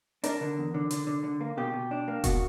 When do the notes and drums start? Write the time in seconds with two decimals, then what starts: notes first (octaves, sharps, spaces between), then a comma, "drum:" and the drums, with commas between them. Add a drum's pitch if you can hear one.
0.24 D4 A#4, drum: hi-hat
0.41 D3
0.57 E2
0.74 D3
0.91 D3, drum: hi-hat
1.07 D3
1.24 D3
1.41 A#3
1.57 B2 G4
1.74 B2
1.91 D4
2.08 A#3
2.24 B2 F#4, drum: kick E1, hi-hat